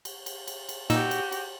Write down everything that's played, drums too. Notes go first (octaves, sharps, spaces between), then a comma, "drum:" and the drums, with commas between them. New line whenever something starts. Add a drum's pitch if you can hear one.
drum: cymbal
drum: cymbal
drum: cymbal
drum: cymbal
A#2 D#4 F#4 G4 E6, drum: cymbal
drum: cymbal
drum: cymbal